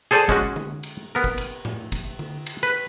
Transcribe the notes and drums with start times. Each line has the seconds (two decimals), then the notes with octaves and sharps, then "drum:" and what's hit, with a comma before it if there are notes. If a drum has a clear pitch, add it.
0.11 G#4 A4 C5 D5 G5 A5
0.29 G#3 C#4 F#4, drum: kick
0.56 drum: tom D3
0.83 drum: cymbal
1.15 B3 A#4
1.24 drum: kick
1.38 drum: cymbal
1.65 drum: tom A2
1.92 drum: kick, cymbal
2.19 drum: tom D3
2.46 drum: cymbal
2.63 B4